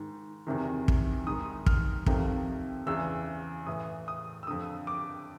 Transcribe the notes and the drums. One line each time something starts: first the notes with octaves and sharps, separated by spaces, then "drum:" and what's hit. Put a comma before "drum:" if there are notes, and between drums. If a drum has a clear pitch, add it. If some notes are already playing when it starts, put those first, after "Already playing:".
Already playing: G#2 D#3
E2 C3 D#3
drum: kick
G#2 D#3 D#6
F6, drum: kick
F2 C3 D#3, drum: kick
E2 C#3 E3 E6
A2 E3 D#6
D#6
E6
F2 D3 D#6
D6